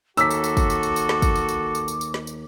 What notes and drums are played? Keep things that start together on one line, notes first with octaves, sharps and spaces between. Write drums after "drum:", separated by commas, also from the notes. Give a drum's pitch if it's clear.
D#2 F#4 A4 D6 E6 B6, drum: tambourine
drum: tambourine
drum: tambourine
drum: kick, tambourine
drum: tambourine
drum: tambourine
drum: tambourine
drum: snare
drum: kick, tambourine
drum: tambourine
drum: tambourine
drum: tambourine
drum: tambourine
drum: tambourine
drum: snare
drum: tambourine